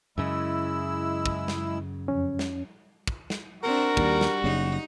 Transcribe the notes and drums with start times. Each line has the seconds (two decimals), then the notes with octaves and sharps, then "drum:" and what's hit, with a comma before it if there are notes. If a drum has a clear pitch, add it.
0.18 F#2 C#3 G#3 E4 E6
1.26 drum: kick
1.48 drum: snare
2.08 F2 C#4
2.39 drum: snare
3.07 drum: kick
3.30 drum: snare
3.63 C4 D4 F#4 A#4
3.97 D#2 G3, drum: kick
4.21 drum: snare
4.44 F#1 C#3 D#4